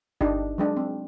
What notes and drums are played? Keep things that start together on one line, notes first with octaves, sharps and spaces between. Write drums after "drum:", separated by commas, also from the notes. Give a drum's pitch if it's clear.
D4 D#4 G4, drum: kick G1
F#3 G#3 D4
C4